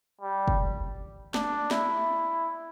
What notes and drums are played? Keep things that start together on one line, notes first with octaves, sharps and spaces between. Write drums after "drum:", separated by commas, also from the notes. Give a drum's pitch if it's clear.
G3
drum: kick
D4, drum: snare
E4, drum: snare